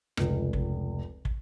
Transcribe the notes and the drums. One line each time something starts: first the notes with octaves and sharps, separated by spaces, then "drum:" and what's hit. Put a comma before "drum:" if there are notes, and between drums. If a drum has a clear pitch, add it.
F1 C#2, drum: rim click
drum: kick
drum: kick